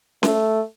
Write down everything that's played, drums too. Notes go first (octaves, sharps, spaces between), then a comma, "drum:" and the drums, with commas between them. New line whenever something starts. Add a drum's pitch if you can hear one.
A3, drum: snare C#4